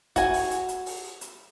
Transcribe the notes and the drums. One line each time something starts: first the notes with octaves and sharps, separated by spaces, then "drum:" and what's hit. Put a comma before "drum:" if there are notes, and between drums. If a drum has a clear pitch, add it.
F#4 G#5, drum: kick, hi-hat
drum: open hi-hat
drum: hi-hat
drum: hi-hat
drum: open hi-hat
drum: hi-hat